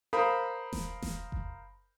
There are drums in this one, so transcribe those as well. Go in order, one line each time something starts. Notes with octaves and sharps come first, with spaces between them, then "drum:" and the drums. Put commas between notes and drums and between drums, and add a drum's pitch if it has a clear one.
A#4 C5 F5 B5 D#6
drum: snare E1
drum: snare E1
drum: kick F#1